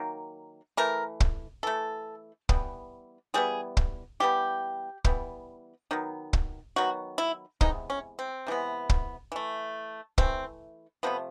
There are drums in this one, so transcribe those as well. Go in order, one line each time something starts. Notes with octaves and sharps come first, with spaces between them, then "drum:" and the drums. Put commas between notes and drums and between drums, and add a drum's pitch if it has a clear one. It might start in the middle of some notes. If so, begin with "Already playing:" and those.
Already playing: D#3 F#3 A#3
E3 A3 A#4
drum: kick
E3 A3 A4
E3 G3 B3, drum: kick
E3 G3 B3 G#4
drum: kick
E3 G3 B3 G4
E3 G3 B3, drum: kick
D#3 F#3 B3
drum: kick
D#3 F#3 B3 F#4
E4
C3 E3 G#3 B3 D#4, drum: kick
C#4
C4
C3 E3 G#3 B3
drum: kick
E3 A3
E3 A3 C4, drum: kick
C3 F3 A3 B3